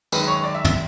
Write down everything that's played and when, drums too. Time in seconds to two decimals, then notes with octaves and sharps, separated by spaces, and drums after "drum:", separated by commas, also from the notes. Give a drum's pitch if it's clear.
0.12 F#2 D#3 G#3 B4, drum: tambourine
0.28 C#5
0.44 D5
0.54 E5
0.65 E5, drum: tom